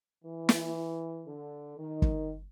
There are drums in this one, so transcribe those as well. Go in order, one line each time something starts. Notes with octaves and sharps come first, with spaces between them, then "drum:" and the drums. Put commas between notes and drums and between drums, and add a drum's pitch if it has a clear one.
E3
drum: snare
D3
D#3
drum: kick